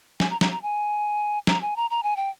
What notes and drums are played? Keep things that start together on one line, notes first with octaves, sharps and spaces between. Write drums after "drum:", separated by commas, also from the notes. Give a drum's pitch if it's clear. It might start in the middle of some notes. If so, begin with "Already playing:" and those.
G#5, drum: snare
A#5
A#5, drum: snare
A#5
G#5
A#5, drum: snare
G#5
A#5
A#5
G#5
G5